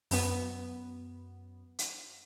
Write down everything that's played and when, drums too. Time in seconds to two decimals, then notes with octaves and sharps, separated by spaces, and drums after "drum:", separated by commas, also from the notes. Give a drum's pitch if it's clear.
0.11 F#2 B3, drum: open hi-hat
1.79 drum: hi-hat